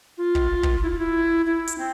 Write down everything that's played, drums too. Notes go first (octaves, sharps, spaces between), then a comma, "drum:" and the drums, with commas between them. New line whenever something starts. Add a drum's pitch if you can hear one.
F4
drum: kick
drum: kick
E4
F4
E4
E4
drum: hi-hat
C4